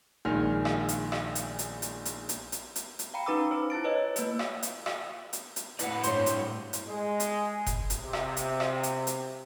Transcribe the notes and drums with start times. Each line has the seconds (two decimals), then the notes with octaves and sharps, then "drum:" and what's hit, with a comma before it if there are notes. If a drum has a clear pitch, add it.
0.25 A#1 D#3 G#3 G#5 F6
0.65 drum: rim click
0.89 drum: hi-hat
1.12 drum: rim click
1.35 drum: hi-hat
1.59 drum: hi-hat
1.82 drum: hi-hat
2.05 drum: hi-hat
2.29 drum: hi-hat
2.52 drum: hi-hat
2.76 drum: hi-hat
2.99 drum: hi-hat
3.14 F5 G5 A#5 B5 C#7
3.26 C#4 D#4 B4 A#5 D6 E6
3.51 C5
3.70 E4 A5 A6 D7
3.84 B4 C#5 D#5
4.16 A#3 B4, drum: hi-hat
4.39 drum: rim click
4.63 drum: hi-hat
4.86 drum: rim click
5.33 drum: hi-hat
5.56 drum: hi-hat
5.79 A2 E4 B4 D5 F#5, drum: hi-hat
6.03 G2 C5 C#5, drum: hi-hat
6.26 drum: hi-hat
6.73 drum: hi-hat
6.88 G#3
7.20 drum: hi-hat
7.66 drum: kick F1, hi-hat
7.90 drum: hi-hat
8.01 C3
8.13 drum: rim click
8.37 drum: hi-hat
8.60 drum: rim click
8.83 drum: hi-hat
9.07 drum: hi-hat